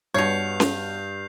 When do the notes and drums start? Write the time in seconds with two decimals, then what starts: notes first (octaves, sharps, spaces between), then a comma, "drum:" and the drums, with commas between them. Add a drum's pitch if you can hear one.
0.14 G2 B2 C#5 G6 C7 F7
0.60 drum: snare C#4